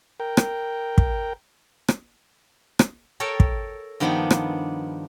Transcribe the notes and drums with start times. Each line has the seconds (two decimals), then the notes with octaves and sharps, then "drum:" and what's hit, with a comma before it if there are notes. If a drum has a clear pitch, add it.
0.20 A#4 G5
0.37 drum: rim click
0.98 drum: kick
1.88 drum: rim click
2.79 drum: rim click
3.20 A4 A#4 C#5 G5 A5
3.40 drum: kick
4.00 G2 D#3 F3 B3 D4 D#4
4.30 drum: rim click